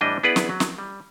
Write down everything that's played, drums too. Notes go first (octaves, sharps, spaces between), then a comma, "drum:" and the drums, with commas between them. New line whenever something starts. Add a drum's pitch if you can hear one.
A2 E3 G3 D4 D#5
B3 E4 G#4 B4 D5 F#5
drum: snare
F#3
drum: snare
G3